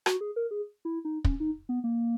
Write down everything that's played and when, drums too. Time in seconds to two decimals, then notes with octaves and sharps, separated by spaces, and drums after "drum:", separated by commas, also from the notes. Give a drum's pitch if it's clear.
0.06 F#4, drum: rim click
0.21 G#4
0.36 A#4
0.51 G#4
0.85 E4
1.05 D#4
1.24 C#4, drum: kick
1.40 D#4
1.69 B3
1.84 A#3